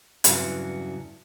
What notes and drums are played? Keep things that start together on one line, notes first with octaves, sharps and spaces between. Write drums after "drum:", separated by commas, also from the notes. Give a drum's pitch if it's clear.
E2 G2 C#3 F#3 C4 E4, drum: hi-hat